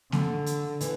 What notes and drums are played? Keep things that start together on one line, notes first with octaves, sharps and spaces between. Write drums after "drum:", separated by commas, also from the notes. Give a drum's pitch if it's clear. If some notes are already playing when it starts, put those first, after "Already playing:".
D3, drum: snare A#3
drum: hi-hat
E3, drum: hi-hat